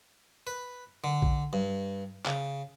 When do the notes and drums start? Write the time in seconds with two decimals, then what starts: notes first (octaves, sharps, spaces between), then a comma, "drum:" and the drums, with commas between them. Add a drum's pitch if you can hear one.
0.47 B4
1.04 D3
1.22 drum: kick A#1
1.53 G2
2.26 C#3, drum: clap